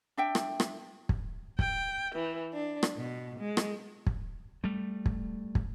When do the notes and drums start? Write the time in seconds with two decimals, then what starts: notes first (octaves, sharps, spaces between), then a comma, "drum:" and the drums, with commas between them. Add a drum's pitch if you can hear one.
0.17 D4 E5 G5
0.35 drum: rim click
0.60 drum: rim click
1.09 drum: kick
1.59 G5, drum: kick
2.15 E3
2.53 D4
2.83 drum: rim click
2.96 B2
3.39 G#3
3.57 drum: rim click
4.06 drum: kick
4.64 G3 A3
5.06 drum: kick
5.55 drum: kick